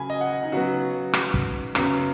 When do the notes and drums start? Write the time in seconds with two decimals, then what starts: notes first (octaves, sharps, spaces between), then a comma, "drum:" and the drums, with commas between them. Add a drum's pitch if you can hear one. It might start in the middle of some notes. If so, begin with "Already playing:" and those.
Already playing: C#3 F#3 G#5 B5
0.10 D#5
0.21 F#5
0.43 D#4
0.52 C#3 F#3 B3 F#4
1.13 drum: rim click
1.34 drum: kick
1.75 F#2 C#3 B3, drum: rim click